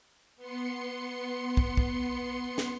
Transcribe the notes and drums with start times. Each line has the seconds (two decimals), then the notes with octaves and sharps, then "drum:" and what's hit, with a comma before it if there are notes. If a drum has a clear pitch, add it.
0.37 B3 C6 C#7
1.57 drum: kick
1.77 drum: kick
2.58 drum: snare